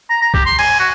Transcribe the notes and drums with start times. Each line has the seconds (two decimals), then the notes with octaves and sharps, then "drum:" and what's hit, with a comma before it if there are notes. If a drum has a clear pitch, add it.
0.10 A#5
0.22 A#5
0.34 G4, drum: kick
0.46 C6
0.59 G#5, drum: cymbal
0.79 F#4